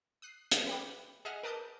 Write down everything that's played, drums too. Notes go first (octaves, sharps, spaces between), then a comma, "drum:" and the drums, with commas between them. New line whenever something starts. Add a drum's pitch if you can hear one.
D#6 F#6 C7
drum: hi-hat
B4 F#5 G5 B5 D6
G#4 D#5 E5 F#5 G#5 F6
A#4 B4 A5 D6 D#6 G6